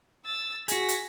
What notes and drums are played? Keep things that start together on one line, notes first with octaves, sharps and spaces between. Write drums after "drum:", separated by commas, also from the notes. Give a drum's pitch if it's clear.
E6 A6
F#4 G#4 A#6 B6, drum: hi-hat
drum: hi-hat